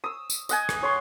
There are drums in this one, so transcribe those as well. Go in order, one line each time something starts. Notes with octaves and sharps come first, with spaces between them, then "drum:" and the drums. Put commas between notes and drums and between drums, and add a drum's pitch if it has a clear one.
D#6 E6
drum: tambourine
D#5 F#5 G#5, drum: tambourine
drum: rim click
C#5 C6